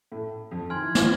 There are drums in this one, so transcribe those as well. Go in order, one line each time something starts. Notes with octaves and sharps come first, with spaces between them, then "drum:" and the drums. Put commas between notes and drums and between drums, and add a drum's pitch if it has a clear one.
A2 A3
F2 F3
D#3 G#5 C6 F6 G#6
E3
D#3, drum: snare